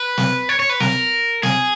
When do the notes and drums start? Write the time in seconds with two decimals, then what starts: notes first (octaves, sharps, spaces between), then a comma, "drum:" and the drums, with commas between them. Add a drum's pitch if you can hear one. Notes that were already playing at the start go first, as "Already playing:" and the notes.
Already playing: B4
0.18 drum: snare
0.49 C#5
0.60 C#5
0.70 B4
0.80 A#4, drum: snare
1.43 G#4, drum: snare